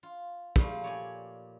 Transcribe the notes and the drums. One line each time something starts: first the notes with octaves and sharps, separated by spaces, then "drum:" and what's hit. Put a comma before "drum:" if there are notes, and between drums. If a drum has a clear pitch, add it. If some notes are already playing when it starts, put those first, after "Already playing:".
F4
A#2 F3 G3 A3 F5, drum: kick
C#5 D5 G#5